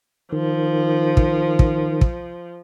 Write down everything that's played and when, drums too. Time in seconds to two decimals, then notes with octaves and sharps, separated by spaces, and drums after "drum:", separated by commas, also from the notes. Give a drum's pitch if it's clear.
0.32 D#3 F3
1.17 drum: kick
1.59 drum: kick
2.01 drum: kick